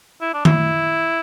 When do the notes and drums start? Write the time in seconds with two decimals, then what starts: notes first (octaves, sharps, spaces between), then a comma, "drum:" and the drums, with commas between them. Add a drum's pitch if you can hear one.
0.21 E4
0.34 D4
0.45 E4, drum: tom D#3